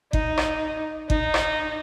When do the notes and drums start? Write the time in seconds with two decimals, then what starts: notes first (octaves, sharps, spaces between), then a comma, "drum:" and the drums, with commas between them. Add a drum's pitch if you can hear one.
0.13 D#4, drum: kick G1
0.37 drum: rim click
1.10 D#4, drum: kick G1
1.34 drum: rim click